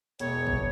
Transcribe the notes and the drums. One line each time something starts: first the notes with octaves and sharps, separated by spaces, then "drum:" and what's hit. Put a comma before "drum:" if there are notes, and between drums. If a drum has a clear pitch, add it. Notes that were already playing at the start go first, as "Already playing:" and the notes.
E1 C#5, drum: hi-hat
drum: kick